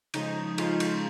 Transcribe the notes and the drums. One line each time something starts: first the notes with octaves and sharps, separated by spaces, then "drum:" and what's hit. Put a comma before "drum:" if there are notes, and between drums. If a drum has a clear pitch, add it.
C#3 F3 G#3 D#4, drum: cymbal
C#3 F3 G#3 F4, drum: cymbal
drum: cymbal